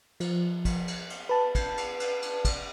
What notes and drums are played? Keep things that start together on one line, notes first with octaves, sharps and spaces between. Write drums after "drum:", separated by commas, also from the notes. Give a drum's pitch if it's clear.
F3, drum: cymbal
drum: kick, cymbal
drum: cymbal
drum: cymbal
B4 A5
drum: kick, cymbal
drum: cymbal
drum: cymbal
drum: cymbal
drum: kick, cymbal